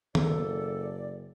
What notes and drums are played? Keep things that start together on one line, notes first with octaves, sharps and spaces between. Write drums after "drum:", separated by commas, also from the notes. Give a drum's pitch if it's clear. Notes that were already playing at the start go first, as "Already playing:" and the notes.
F#1 A4 D5, drum: tom D#3